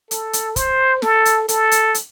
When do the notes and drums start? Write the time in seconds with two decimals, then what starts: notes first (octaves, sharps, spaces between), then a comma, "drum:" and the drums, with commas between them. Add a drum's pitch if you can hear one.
0.11 A4, drum: hi-hat
0.33 drum: hi-hat
0.56 C5, drum: kick, hi-hat
1.02 A4, drum: snare
1.25 drum: hi-hat
1.48 A4, drum: hi-hat
1.71 drum: hi-hat
1.95 drum: hi-hat